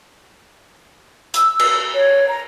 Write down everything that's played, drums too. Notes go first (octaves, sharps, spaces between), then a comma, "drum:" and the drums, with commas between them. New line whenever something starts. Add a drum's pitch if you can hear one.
E6, drum: hi-hat
drum: cymbal
C#5
A#5